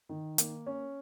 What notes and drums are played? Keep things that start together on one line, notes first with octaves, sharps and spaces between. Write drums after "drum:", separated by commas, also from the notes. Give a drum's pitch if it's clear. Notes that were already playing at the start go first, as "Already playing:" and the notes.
D#3
A#3, drum: hi-hat
C#4